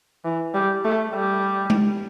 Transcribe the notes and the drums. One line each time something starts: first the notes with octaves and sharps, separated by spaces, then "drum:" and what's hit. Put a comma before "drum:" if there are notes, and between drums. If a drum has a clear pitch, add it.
E3
G3
A3
G3
drum: tom G#3